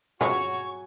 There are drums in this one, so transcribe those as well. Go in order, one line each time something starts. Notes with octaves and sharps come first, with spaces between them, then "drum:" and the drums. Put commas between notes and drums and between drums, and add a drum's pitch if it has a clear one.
F#3 F4 F#4 G#4 C#5 G#5 C#6, drum: tom B2